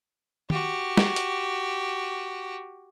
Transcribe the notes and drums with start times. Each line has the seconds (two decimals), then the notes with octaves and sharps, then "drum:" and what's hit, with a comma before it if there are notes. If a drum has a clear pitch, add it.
0.50 F#4 G4, drum: tom
0.97 drum: snare
1.16 drum: hi-hat